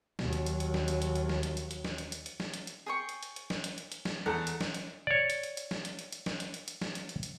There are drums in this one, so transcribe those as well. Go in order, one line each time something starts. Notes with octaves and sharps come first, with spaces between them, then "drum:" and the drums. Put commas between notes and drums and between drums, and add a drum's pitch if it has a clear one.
D#2 F#3, drum: snare
drum: hi-hat
drum: hi-hat
drum: hi-hat
drum: snare
drum: hi-hat
drum: hi-hat
drum: hi-hat
drum: snare
drum: hi-hat
drum: hi-hat
drum: hi-hat
drum: snare
drum: hi-hat
drum: hi-hat
drum: hi-hat
drum: snare
drum: hi-hat
drum: hi-hat
G#4 G5 C#6
drum: hi-hat
drum: hi-hat
drum: hi-hat
drum: snare
drum: hi-hat
drum: hi-hat
drum: hi-hat
drum: snare
E2 A4 F#5 A#5
drum: hi-hat
drum: snare
drum: hi-hat
C#5 D5
drum: hi-hat
drum: hi-hat
drum: hi-hat
drum: snare
drum: hi-hat
drum: hi-hat
drum: hi-hat
drum: snare
drum: hi-hat
drum: hi-hat
drum: hi-hat
drum: snare
drum: hi-hat
drum: hi-hat
drum: hi-hat